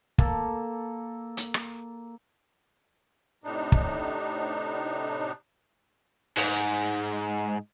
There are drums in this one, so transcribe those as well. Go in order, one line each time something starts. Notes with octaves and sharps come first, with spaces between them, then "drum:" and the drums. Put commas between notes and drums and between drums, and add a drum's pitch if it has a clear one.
A#3 A4, drum: kick
drum: hi-hat
drum: rim click
A2 C3 D4 D#4
drum: kick
G#2, drum: open hi-hat